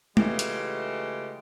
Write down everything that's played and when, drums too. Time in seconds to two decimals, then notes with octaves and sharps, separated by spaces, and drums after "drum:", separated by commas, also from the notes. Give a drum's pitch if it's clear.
0.17 C#3 E3 G#3 A3 F4 G4, drum: tom
0.39 drum: hi-hat